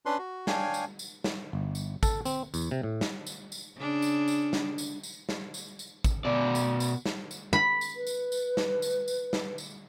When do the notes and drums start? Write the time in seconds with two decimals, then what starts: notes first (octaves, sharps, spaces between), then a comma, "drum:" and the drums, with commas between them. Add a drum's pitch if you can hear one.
0.06 C#4 D4 B4 C6
0.18 F#4
0.47 D4 C#5 F5 G5 G#5, drum: snare
0.74 drum: tambourine
0.99 drum: tambourine
1.24 drum: snare
1.53 G1
1.75 drum: tambourine
2.03 A4, drum: kick, tambourine
2.25 C4, drum: tambourine
2.54 E2, drum: tambourine
2.71 C3
2.83 A2
3.01 drum: snare
3.27 drum: tambourine
3.52 drum: tambourine
3.77 C#3 D4
4.02 drum: tambourine
4.28 drum: tambourine
4.53 drum: snare
4.78 drum: tambourine
5.03 drum: tambourine
5.29 drum: snare
5.54 drum: tambourine
5.79 drum: tambourine
6.04 drum: kick, tambourine
6.25 B2 D5
6.55 drum: tambourine
6.80 drum: tambourine
7.06 drum: snare
7.31 drum: tambourine
7.53 B5
7.81 drum: tambourine
7.96 B4
8.07 drum: tambourine
8.32 drum: tambourine
8.57 drum: snare
8.82 drum: tambourine
9.08 drum: tambourine
9.33 drum: snare
9.58 drum: tambourine